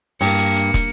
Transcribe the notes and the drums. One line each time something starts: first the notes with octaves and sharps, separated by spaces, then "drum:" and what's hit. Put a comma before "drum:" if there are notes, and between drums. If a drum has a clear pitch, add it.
G2 A#3 C#7, drum: open hi-hat
drum: hi-hat
drum: hi-hat
drum: kick, hi-hat